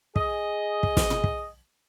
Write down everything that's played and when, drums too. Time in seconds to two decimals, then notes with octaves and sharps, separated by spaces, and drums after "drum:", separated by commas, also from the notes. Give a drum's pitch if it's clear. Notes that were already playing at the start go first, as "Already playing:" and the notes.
0.16 G#4 D#5, drum: kick
0.83 drum: kick
0.97 drum: snare
1.10 drum: tom
1.24 drum: kick